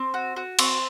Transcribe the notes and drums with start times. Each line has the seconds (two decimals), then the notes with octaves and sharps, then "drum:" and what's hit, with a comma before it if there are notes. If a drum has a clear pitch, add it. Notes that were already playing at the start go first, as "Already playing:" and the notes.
Already playing: C4
0.14 F#4
0.36 F#4
0.59 C4 C#6, drum: cymbal